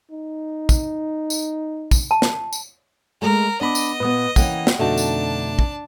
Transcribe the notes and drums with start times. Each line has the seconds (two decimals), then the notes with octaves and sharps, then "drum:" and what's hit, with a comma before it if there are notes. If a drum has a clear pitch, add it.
0.11 D#4
0.69 drum: kick, tambourine
1.30 drum: tambourine
1.91 drum: kick, tambourine
2.11 A5
2.22 drum: snare
2.53 drum: tambourine
3.22 G#3 A3 A#4
3.61 B3 D4 D#5 B5 D6
3.75 drum: tambourine
4.00 A#2 B3 B4 D#6
4.36 E3 A#3 C#4 F#5 G5, drum: kick, tambourine
4.67 drum: snare
4.79 F2 B2 D3 A3 D4 D#4 F#4 A5
4.97 drum: tambourine
5.59 drum: kick